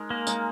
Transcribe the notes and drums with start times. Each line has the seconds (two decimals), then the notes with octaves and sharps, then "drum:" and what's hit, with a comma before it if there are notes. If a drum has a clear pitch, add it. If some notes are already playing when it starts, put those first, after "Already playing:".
Already playing: G#3 D#4 A#4
0.10 A#3
0.27 G#3 D#4 A#4, drum: tambourine